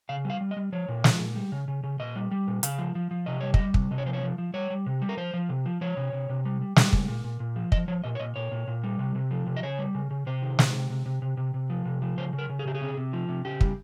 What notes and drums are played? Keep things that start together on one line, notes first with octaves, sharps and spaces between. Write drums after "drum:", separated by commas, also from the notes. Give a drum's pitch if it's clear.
C#3 F5
G3 F5
G3
D#5
G3
F3 C#5
A#2
F3, drum: snare
A#2
G3
C#3
C#3
C#3
A#2 D#5
G3
G3
A#2
C#3 F5, drum: hi-hat
F3
F3
F3
C3 D#5
G3 C#5
G3 D#5, drum: kick
C3, drum: kick
C3 D#5
C#5
F3 C5
C#5
F3
F3
G3 C#5
G3
C3
G3
A#4
F3 C5
F3
C3
F3
F3 C#5
C3
C3
C3
G3
G3
G3, drum: snare
C#3, drum: kick
A#2
A#2
A#2
F3
F3 D#5, drum: kick
F3 C#5
A#2 D#5
C#5
A#2 D#5
A#2 C#5
A#2
A#2
G3
C3
C3
F3
C3
D#5
C#3 C#5
G3
C#3
C#3
C3 C5
D#3
C3, drum: snare
C3
C3
C3
C3
C3
C3
F3
C3
F3
C#3 C5
C#3
A#4
C#3
G#4
C#3 G4
G#4
C3
C3
F3
C3
C#3 G4
G3, drum: kick